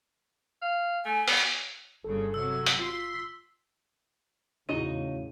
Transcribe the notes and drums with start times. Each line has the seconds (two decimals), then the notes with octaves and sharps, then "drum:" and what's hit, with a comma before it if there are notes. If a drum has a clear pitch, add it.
0.62 F5
1.05 A3 G#5
1.28 B3, drum: open hi-hat
2.04 G1 G2 C#3 A4
2.34 C3 F#3 E6
2.66 drum: hi-hat
2.79 F4 C6 B6
4.69 E2 A2 C#3 D#4 E4 F#4 D#5 D#7